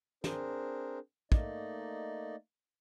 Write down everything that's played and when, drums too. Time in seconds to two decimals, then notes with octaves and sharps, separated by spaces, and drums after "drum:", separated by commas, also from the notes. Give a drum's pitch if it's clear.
0.24 C4 D4 G#4 A#4 C5, drum: snare
1.32 A3 A#3 D#4 D5 D#5, drum: kick